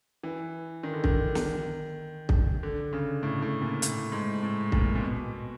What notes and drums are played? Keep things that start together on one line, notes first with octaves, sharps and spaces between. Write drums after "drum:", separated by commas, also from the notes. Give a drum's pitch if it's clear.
E3
D#3
D3
D#3, drum: kick
drum: snare
drum: kick
D3
C#3
A2
A2
A#2
A2, drum: hi-hat
G#2
A2
A#2, drum: kick
A#2
B2